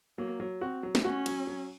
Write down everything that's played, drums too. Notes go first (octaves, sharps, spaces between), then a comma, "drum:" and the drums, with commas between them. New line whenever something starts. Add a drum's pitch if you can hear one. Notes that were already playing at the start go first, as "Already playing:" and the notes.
F#3 A#3
F#3
C4 F#4
F#3
drum: snare
C#4 F#4
F#3, drum: cymbal
F#3